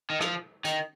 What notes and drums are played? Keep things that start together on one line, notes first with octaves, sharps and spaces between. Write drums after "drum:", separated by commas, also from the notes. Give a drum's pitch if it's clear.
D#3
F3, drum: rim click
D#3, drum: hi-hat